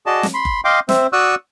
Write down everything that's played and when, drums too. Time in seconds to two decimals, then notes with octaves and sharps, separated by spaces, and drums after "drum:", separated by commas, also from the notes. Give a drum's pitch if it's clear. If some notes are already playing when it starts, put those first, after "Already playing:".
0.06 F#4 G#4 D5 D#5 A5
0.23 drum: snare
0.34 B5 C6
0.45 drum: kick F#1
0.64 D#5 F5 G5 C6 D6
0.89 C4 C5 E5, drum: snare
1.13 F#4 D5 C#6 D#6 E6 F#6